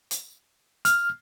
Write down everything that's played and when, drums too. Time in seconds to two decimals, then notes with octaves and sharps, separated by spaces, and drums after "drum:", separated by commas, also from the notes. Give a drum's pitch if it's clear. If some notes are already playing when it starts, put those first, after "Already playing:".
0.11 drum: hi-hat
0.85 F6, drum: hi-hat